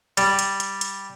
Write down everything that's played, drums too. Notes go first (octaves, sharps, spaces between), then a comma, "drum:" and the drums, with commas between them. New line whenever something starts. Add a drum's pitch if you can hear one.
G3, drum: hi-hat
drum: hi-hat
drum: hi-hat
drum: hi-hat